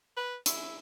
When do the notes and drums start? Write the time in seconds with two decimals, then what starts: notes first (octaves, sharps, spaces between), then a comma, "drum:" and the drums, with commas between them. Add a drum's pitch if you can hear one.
0.17 B4
0.46 E4, drum: hi-hat